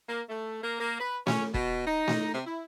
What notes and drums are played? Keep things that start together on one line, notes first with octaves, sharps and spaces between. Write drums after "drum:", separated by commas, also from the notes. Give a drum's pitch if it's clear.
A#3
A3
A#3
A#3
B4
C#4, drum: snare A3
B2, drum: kick E1
D#4
drum: snare A3
C3
E4